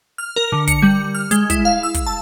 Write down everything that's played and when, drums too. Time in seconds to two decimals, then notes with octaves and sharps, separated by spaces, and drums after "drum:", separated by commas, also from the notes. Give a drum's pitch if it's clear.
0.18 F6
0.36 A#4
0.52 D3
0.67 C#7, drum: kick, hi-hat
0.82 G3
1.15 F6
1.31 G#3, drum: hi-hat
1.50 E4, drum: kick, hi-hat
1.65 F5
1.83 E6
1.94 drum: kick, hi-hat
2.06 A5